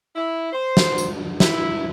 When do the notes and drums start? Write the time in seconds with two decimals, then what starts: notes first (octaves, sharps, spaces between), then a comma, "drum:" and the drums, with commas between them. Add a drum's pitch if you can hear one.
0.16 E4
0.52 C5
0.77 drum: snare
0.98 drum: tambourine
1.40 E4, drum: snare